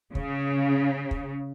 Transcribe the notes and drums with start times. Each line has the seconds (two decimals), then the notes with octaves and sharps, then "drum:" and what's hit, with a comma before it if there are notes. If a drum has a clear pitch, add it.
0.15 C#3, drum: kick
1.11 drum: kick